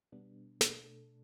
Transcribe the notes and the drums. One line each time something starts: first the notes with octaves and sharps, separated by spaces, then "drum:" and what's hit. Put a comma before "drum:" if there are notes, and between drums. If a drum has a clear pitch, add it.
B2 G3 B3 D4
B2 A3 D4 A4, drum: snare